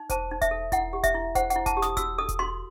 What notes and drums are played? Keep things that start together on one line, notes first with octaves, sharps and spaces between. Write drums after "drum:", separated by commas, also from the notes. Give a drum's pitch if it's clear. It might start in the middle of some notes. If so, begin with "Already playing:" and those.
Already playing: D#4
C5 A5, drum: kick E1, hi-hat
D#4
E5, drum: kick E1, hi-hat
A4
E4 F#5, drum: kick E1, hi-hat
G4
E5, drum: kick E1, hi-hat
E4
C5 F#5, drum: kick E1, hi-hat
F#5, drum: hi-hat
E4
A5, drum: kick E1, hi-hat
G4
D#6, drum: snare
F#4 E6, drum: kick E1, hi-hat
A4 D#6
drum: kick E1, hi-hat
F#4 C6